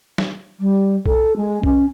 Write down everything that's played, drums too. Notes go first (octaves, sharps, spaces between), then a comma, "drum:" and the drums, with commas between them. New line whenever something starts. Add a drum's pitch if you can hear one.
drum: snare
G3
A4, drum: kick B1
G#3
C#4, drum: kick B1